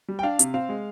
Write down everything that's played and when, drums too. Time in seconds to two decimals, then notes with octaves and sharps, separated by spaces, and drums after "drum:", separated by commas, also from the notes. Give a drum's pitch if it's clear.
0.08 G3
0.19 G5
0.23 D4 F5
0.39 C3, drum: hi-hat
0.54 C4 F5
0.69 G#3